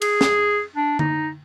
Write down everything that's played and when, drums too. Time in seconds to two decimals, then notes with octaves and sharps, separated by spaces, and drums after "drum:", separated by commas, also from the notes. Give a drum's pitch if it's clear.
0.02 G#4, drum: cymbal
0.21 drum: snare
0.76 D4
0.99 D#4, drum: tom D3